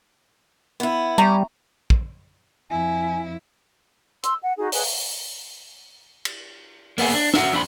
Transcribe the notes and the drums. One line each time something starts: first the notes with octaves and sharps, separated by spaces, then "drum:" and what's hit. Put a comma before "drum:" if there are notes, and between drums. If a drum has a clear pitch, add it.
B3 E4
G3 C#4 A#5
drum: kick
F2 E4 G#5
C6 E6, drum: hi-hat
F#5
D#4 F#4 G#4
G#4 B4, drum: open hi-hat
drum: cymbal
A#3 B3 E4 G#4, drum: open hi-hat
D4
C#4 F#4 E5, drum: snare
F2 D4 G4 G#4 C5 B5